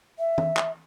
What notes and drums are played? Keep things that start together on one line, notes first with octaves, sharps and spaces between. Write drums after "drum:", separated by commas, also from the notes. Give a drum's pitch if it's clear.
E5
drum: tom
drum: clap